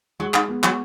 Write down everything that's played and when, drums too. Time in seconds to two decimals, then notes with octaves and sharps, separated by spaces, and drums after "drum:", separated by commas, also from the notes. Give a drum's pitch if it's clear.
0.20 F#3 G#3
0.34 G#2, drum: clap
0.48 B3
0.64 F#3, drum: clap